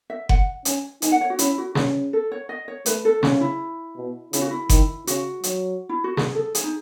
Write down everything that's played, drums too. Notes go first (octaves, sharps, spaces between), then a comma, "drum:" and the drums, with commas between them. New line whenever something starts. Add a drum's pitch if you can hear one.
E5
F#5, drum: kick F#1
C#4 G#5, drum: hi-hat
D#4 G#5, drum: hi-hat
F#5
C#5
F#4
C#4 E4, drum: hi-hat
F#4
C#4 G#4, drum: snare
A4
C#5
D#5
C#5
A3 B4, drum: hi-hat
A4
C#3 C#4, drum: snare
E4
B2
C#3 E4, drum: hi-hat
F#4
E4
D#3, drum: kick F#1, hi-hat
C#3 F#4, drum: hi-hat
F#3, drum: hi-hat
E4
F#4
G#4, drum: snare
A4
G#4, drum: hi-hat
D#4